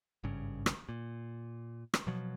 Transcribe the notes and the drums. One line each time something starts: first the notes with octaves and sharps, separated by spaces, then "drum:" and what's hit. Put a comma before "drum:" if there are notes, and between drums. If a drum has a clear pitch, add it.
G#1 G2 C#3
drum: rim click
A#2
drum: rim click
B2 F3 F#3